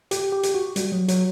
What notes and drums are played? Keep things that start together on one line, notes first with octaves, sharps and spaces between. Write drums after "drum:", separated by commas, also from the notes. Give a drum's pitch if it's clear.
G4, drum: hi-hat
G4
drum: hi-hat
F#4
G3, drum: hi-hat
F#3
F#3, drum: hi-hat